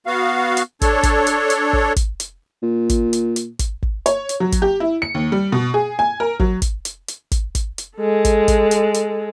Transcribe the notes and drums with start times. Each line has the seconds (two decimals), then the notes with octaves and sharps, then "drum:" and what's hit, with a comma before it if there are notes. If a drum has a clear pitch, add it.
0.06 B3 F#4 F5
0.57 drum: hi-hat
0.81 D4 A4 C#5, drum: kick, hi-hat
1.03 drum: kick, hi-hat
1.27 drum: hi-hat
1.50 drum: hi-hat
1.73 drum: kick
1.96 drum: kick, hi-hat
2.20 drum: hi-hat
2.63 A#2
2.89 drum: kick, hi-hat
3.13 drum: hi-hat
3.36 drum: hi-hat
3.59 drum: kick, hi-hat
3.83 drum: kick
4.06 C#5, drum: hi-hat
4.29 drum: hi-hat
4.40 F#3
4.52 drum: kick, hi-hat
4.62 G4
4.80 E4
5.02 C#7
5.14 D#2
5.32 G3
5.52 B2
5.74 G#4
5.99 G#5
6.20 A#4
6.40 F#3, drum: kick
6.62 drum: kick, hi-hat
6.85 drum: hi-hat
7.08 drum: hi-hat
7.32 drum: kick, hi-hat
7.55 drum: kick, hi-hat
7.78 drum: hi-hat
7.96 G#3 A4
8.25 drum: kick, hi-hat
8.48 drum: kick, hi-hat
8.71 drum: hi-hat
8.94 drum: hi-hat